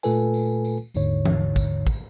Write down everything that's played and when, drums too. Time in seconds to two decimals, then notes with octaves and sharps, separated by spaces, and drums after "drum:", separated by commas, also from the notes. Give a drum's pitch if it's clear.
0.03 A#2 A3 F4 A4 B4 G#5, drum: tambourine
0.34 drum: tambourine
0.64 drum: tambourine
0.94 G1 D#2 G#2 D3 C#5, drum: tambourine
1.25 drum: tom E3
1.56 drum: kick, tambourine
1.87 drum: kick, tambourine